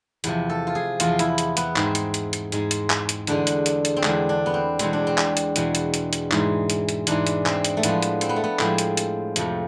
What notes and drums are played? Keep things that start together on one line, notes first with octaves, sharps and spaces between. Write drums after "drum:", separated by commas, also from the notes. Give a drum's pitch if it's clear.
E2 C3 F3, drum: hi-hat
A4
F4
G#4
E2 C3 F3 F4, drum: hi-hat
E4, drum: hi-hat
drum: hi-hat
B3, drum: hi-hat
G#2 G#3 C4, drum: clap
drum: hi-hat
drum: hi-hat
drum: hi-hat
G#2 G#3, drum: hi-hat
drum: hi-hat
drum: clap
drum: hi-hat
E2 D3 G#3 D4, drum: hi-hat
drum: hi-hat
drum: hi-hat
drum: hi-hat
C4
E2 D3 G#3 D4, drum: clap
D4
B3
C4
E2 B2 G#3 C4, drum: hi-hat
D4
C4
drum: clap
drum: hi-hat
E2 B2 G#3, drum: hi-hat
drum: hi-hat
drum: hi-hat
drum: hi-hat
G#2 E3 G#3, drum: clap
drum: hi-hat
drum: hi-hat
G#2 E3 G#3 D4, drum: hi-hat
drum: hi-hat
C4, drum: clap
drum: hi-hat
A3
A2 F3 G#3 B3, drum: hi-hat
drum: hi-hat
C4, drum: hi-hat
B3
A3
B3
A2 F3 G#3 C4, drum: clap
drum: hi-hat
drum: hi-hat
F2 C3 F3, drum: hi-hat